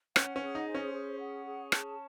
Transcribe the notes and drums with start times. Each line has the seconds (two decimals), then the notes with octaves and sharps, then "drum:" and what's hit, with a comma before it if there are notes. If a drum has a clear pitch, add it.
0.16 C#4 F#5, drum: rim click
0.36 C#4
0.42 G#4
0.55 D#4
0.68 C5
0.75 C#4
0.94 G#4
1.20 F#5
1.46 G#4
1.72 A5, drum: rim click